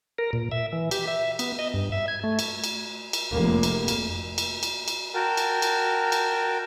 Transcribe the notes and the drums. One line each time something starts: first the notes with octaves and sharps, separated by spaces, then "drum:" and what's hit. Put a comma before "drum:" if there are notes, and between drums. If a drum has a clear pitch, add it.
A#4
A#2
E5
E3
G4, drum: cymbal
E5
B3, drum: cymbal
D#5
G2
E5
G#6
A3
drum: cymbal
drum: cymbal
drum: cymbal
F1 A#3
drum: cymbal
drum: cymbal
drum: cymbal
drum: cymbal
drum: cymbal
F#4 A#4 G5 A5
drum: cymbal
drum: cymbal
drum: cymbal